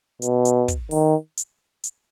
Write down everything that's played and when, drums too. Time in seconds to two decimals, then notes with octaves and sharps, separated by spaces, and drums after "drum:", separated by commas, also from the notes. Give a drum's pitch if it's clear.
0.22 B2, drum: hi-hat
0.45 drum: hi-hat
0.68 drum: kick, hi-hat
0.91 D#3, drum: open hi-hat
1.37 drum: hi-hat
1.84 drum: hi-hat